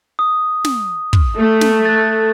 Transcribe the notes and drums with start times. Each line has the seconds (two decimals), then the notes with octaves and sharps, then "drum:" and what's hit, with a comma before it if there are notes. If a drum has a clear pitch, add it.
0.19 D#6
0.65 drum: snare
1.13 drum: kick
1.37 A3
1.61 drum: snare
1.85 F#6 A6